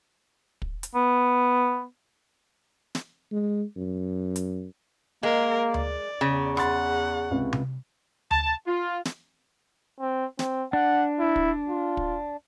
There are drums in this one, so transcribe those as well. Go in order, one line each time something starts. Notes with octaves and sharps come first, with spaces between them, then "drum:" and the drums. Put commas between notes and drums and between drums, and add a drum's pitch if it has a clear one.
drum: kick
drum: hi-hat
B3
drum: snare
G#3
F#2
drum: hi-hat
G#3 A#3 A#4
D5, drum: tom D2
E2 C#3
F#5 B5 C6 A6, drum: rim click
C#2 C3
drum: tom C3
A5, drum: tom D2
F4
drum: snare
C4
C4, drum: snare
D4 F#5
E4
drum: kick
F4
drum: kick